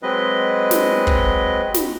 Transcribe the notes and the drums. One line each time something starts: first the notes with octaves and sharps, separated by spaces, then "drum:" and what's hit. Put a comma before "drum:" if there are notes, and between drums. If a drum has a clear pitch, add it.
F#3 G#3 C4 B4 D#5
drum: snare
drum: kick
drum: snare